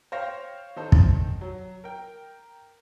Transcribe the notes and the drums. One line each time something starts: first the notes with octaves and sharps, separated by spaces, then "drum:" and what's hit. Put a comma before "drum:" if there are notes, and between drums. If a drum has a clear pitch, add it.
C5 C#5 F5 G5 C#6 A#6
D#3 D#4 A4 C5
drum: kick
F#3
A#4 G5